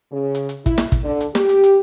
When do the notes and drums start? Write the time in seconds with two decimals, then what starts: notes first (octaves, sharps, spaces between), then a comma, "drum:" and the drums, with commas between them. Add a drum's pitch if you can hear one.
0.12 C#3
0.35 drum: hi-hat
0.49 drum: hi-hat
0.66 E4, drum: kick, hi-hat
0.78 drum: snare
0.92 drum: kick, hi-hat
1.03 D3
1.21 drum: hi-hat
1.35 G4, drum: snare
1.49 drum: hi-hat
1.64 drum: hi-hat